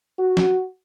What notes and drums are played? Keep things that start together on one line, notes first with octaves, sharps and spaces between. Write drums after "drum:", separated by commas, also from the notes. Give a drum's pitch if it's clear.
F#4
drum: snare